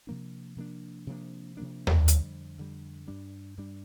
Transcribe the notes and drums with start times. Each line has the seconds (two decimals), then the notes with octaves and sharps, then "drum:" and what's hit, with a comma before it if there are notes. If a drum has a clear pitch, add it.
0.07 C3 F3 A#3 D4
0.56 C3 F3 A#3 D4
1.07 C3 F3 A#3 D4
1.57 C3 F3 A#3 D4
1.87 drum: tom D#2
2.08 F2 D3 G3, drum: hi-hat
2.58 F2 D3 G3
3.08 G2 G3 D4
3.57 G2 G3 D4